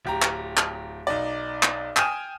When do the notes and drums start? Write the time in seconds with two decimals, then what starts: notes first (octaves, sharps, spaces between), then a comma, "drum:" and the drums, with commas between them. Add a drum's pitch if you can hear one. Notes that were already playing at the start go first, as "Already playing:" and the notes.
0.05 D1 G4 A#5
0.22 drum: clap
0.57 drum: clap
1.07 B1 D#4 D5
1.63 drum: clap
1.97 G5 G#5 D#6 F6 D#7 E7, drum: clap